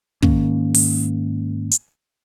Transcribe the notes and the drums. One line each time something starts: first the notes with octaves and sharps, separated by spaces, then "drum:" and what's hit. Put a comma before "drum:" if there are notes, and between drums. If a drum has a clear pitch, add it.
G#2 D#3 A#3 C#4, drum: kick
drum: open hi-hat
drum: hi-hat